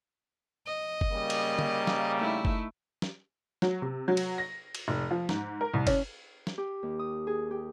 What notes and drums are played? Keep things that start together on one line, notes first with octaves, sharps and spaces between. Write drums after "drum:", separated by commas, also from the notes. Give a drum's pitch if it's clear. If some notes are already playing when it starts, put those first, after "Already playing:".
D#5
drum: kick F#1
C#3 G3 A#3
drum: cymbal
drum: tom
drum: snare
A3 D#4 E4
drum: kick F#1
drum: snare
F#3, drum: snare
C3
F#3
drum: cymbal
A#6
drum: cymbal
F1
F3
G#2, drum: snare
A#4
C2
C#4, drum: kick F#1, cymbal
drum: snare
G4
D#2
D#6
G#4
G4